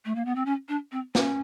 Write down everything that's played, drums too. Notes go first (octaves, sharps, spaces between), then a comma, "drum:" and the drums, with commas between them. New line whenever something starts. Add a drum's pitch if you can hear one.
A3
A#3
B3
C4
C#4
D4
C4
C#4, drum: snare